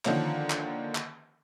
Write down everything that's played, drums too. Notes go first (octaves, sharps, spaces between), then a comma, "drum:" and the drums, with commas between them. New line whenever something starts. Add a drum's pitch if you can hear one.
D3 D#3 F3 A#3 C#4, drum: clap
drum: clap
drum: clap